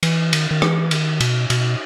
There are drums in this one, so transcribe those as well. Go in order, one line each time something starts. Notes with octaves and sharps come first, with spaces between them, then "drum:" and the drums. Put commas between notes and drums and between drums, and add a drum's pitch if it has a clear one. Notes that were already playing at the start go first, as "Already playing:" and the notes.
E3, drum: cymbal
D#3, drum: cymbal
D#3
E3, drum: rim click
D#3, drum: cymbal
B2, drum: cymbal
B2, drum: cymbal